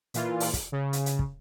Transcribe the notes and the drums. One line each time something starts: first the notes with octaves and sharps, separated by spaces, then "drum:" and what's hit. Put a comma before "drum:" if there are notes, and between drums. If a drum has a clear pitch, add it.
A#2 E3 F4, drum: hi-hat
drum: open hi-hat
drum: kick, hi-hat
C#3
drum: hi-hat
drum: hi-hat
drum: kick